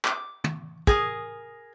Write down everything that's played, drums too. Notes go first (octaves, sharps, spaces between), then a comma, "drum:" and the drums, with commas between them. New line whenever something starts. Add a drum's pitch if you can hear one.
D6, drum: clap
drum: tom
G#4 A#4 D#6, drum: kick